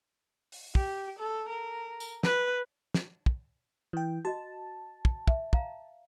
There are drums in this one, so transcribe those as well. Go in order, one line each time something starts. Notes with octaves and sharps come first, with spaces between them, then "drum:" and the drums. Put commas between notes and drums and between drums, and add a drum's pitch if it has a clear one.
drum: open hi-hat
G4, drum: kick
A4
A#4
drum: tambourine
B4, drum: snare
drum: snare
drum: kick
E3 G5
F#4 D#5 A5
drum: kick
E5, drum: kick
F5 A#5, drum: kick